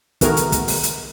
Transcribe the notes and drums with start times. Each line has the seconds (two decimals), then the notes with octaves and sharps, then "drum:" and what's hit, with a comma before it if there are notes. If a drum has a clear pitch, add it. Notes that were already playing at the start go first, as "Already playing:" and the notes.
0.21 D#3 A3 B3 F#4 G#4 A#4, drum: kick, hi-hat
0.37 drum: hi-hat
0.52 drum: kick, hi-hat
0.68 drum: open hi-hat
0.83 drum: hi-hat